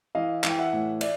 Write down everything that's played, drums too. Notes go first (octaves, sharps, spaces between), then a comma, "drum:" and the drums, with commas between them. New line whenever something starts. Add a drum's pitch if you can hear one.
E3 D#5 F5
E3, drum: clap
G5
E5 F#5
A2
D5 E5, drum: cymbal